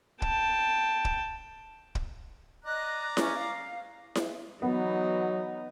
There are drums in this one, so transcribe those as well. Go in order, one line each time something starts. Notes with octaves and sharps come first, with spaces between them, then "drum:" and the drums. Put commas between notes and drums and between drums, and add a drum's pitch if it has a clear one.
G5 A5, drum: kick
drum: kick
drum: kick
D5 D#5 A#5 F#6
C#4, drum: snare E4
F5
drum: snare E4
E3 F#3 B3 D#4